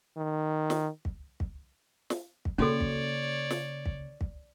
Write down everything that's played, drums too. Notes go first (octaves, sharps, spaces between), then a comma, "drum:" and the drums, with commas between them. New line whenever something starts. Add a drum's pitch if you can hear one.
D#3
drum: snare
drum: kick
drum: kick
drum: snare
drum: kick
C#3 A#3 C#4 F#4 A4 C#5 D5
drum: kick
drum: snare
drum: kick
drum: kick